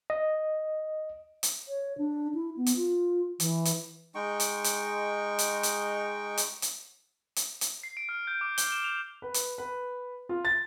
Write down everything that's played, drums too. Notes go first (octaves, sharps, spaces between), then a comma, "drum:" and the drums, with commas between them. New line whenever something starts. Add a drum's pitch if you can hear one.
D#5
drum: hi-hat
C#5
D4
E4
B3
drum: hi-hat
F4
E3, drum: hi-hat
drum: hi-hat
G#3 D#4 G5 C#6
drum: hi-hat
drum: hi-hat
drum: hi-hat
drum: hi-hat
drum: hi-hat
drum: hi-hat
drum: hi-hat
drum: hi-hat
C7
D7
F6
G6
D6
G7, drum: hi-hat
E7
F7
B4
drum: hi-hat
B4
F4
A6